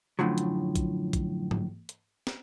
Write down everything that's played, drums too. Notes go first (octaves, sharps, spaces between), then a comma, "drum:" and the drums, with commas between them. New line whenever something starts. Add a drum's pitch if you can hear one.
F#2 A2 D3 F3 F#3
drum: hi-hat
drum: kick A#1, hi-hat
drum: kick A#1, hi-hat
drum: tom G#2
drum: hi-hat
drum: snare